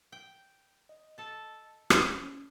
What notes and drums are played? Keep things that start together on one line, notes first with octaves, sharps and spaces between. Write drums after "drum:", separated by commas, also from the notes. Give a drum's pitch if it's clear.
G5
D#5
A4 A5
drum: rim click
C#4